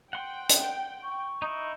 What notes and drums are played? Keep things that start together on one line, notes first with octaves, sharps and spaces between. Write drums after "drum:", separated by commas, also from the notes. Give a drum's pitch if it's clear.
F#5 G5 C6
drum: hi-hat
C#6
D#4 E4